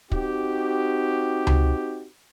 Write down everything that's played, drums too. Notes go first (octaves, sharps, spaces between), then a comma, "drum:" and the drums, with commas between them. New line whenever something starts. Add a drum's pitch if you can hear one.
C4 D#4 F#4 G4, drum: kick
drum: tom C#2